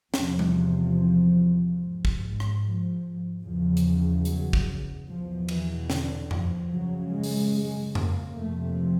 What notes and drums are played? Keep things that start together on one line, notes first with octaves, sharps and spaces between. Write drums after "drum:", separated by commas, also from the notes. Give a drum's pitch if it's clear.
E2 C3 F3, drum: snare
drum: tom G3
G#2
drum: kick
drum: rim click
F3
E2 C#3 F3
drum: hi-hat
F#3, drum: hi-hat
drum: kick
E2 B2 F3
E3, drum: cymbal
D3, drum: snare
F3, drum: tom F2
F#2 C#3 F#3
G#3
drum: open hi-hat
G#3
A#3, drum: tom F2
F2 C3 A3